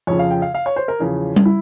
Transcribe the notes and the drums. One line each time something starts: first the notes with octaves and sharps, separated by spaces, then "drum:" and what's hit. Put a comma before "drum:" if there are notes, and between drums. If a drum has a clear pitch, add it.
F2 C#3 F3 C#5
F5
G5
F5
F5
C#5
C5
A#4
E2 C#3 F3
drum: tom G3
E4